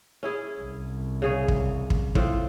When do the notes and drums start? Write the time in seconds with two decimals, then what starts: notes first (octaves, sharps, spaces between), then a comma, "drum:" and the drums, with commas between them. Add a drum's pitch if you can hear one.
0.23 C#4 E4 G#4
0.62 C2
1.22 C#3 G#4 C#5
1.48 drum: kick
1.90 drum: kick
2.15 A2 C4 F4, drum: kick